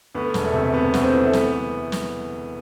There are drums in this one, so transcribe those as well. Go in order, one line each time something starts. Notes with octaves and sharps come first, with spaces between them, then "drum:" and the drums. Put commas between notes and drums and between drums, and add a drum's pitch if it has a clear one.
D2 B3
E1, drum: snare
A3
C3
C3 B3
D2, drum: snare
C4
E3
A3
B3, drum: snare
drum: snare